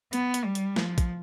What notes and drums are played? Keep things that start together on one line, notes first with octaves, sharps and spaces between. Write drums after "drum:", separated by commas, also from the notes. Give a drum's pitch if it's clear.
B3, drum: hi-hat
drum: hi-hat
G3
drum: hi-hat
F3, drum: snare
drum: kick, hi-hat